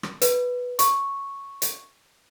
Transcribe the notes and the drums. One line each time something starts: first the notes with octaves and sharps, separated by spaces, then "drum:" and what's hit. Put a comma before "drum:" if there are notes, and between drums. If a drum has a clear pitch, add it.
drum: rim click
B4, drum: hi-hat
C#6, drum: hi-hat
drum: hi-hat